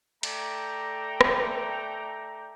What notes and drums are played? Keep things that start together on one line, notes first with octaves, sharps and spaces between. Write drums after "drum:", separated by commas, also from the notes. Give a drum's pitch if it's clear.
A3 D5 G5 A#5, drum: cymbal
drum: rim click